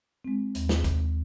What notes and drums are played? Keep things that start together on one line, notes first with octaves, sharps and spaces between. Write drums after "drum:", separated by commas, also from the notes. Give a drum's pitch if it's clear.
G#3 C4
D#2, drum: hi-hat
drum: snare
drum: kick, hi-hat